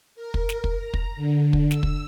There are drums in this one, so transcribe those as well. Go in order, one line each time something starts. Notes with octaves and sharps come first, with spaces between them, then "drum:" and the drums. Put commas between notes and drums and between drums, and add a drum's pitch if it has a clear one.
A#4
drum: kick
drum: snare
drum: kick
A#5
drum: kick
D3
drum: kick
E6, drum: snare
drum: kick